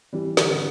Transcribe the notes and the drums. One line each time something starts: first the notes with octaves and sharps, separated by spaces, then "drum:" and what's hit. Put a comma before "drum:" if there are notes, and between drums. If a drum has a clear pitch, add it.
E3 G3
D3, drum: snare
D3